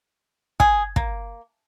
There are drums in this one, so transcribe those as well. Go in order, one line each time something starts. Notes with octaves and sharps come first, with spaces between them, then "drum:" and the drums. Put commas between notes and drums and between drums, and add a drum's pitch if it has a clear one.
G#4, drum: kick
A#3, drum: kick